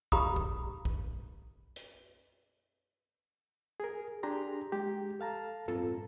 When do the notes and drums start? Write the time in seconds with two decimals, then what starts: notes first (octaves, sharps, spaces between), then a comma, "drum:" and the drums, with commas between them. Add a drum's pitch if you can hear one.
0.12 G4 F5 A#5 B5 D#6, drum: kick
0.36 drum: kick
0.85 drum: kick
1.76 drum: hi-hat
3.80 G#4 A#4
4.23 D4 G4 G#4 A#5 C6
4.72 G#3 G4
5.19 A4 F5 A5 A#5
5.68 C4 F4 A4, drum: tom